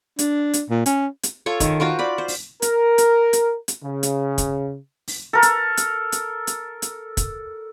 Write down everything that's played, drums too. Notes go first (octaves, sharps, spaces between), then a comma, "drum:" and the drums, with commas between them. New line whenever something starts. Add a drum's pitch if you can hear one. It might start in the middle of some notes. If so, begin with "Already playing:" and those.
D4, drum: hi-hat
drum: hi-hat
A#2
C#4, drum: hi-hat
drum: hi-hat
F4 A4 C#5
D#3, drum: kick, hi-hat
F4 F#4 A#4 C5
D5 B5
C5
drum: open hi-hat
A#4, drum: hi-hat
drum: hi-hat
drum: hi-hat
drum: hi-hat
C#3
drum: hi-hat
drum: kick, hi-hat
drum: open hi-hat
A4 A#4
drum: hi-hat
drum: hi-hat
drum: hi-hat
drum: hi-hat
drum: hi-hat
drum: kick, hi-hat